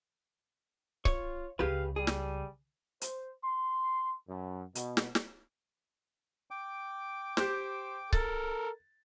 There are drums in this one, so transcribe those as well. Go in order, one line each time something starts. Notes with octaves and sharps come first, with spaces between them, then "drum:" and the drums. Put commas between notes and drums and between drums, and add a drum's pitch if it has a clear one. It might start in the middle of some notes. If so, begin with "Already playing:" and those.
F4 C#5, drum: kick C#1
C#2 C#3 G4 G#4 B4 F5
G3 G#4
drum: snare
C5, drum: hi-hat
C6
F#2
B2, drum: hi-hat
drum: snare
drum: snare
G5 D6
G4 C5, drum: snare
A4 A#4 A6, drum: kick C#1